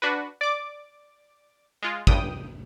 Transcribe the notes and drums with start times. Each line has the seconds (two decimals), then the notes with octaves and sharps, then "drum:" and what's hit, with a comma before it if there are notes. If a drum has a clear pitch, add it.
0.02 D4 F#4 B4
0.41 D5 D6
1.83 G#3 F4
2.07 C#2 G2 G5 D#6, drum: kick G#1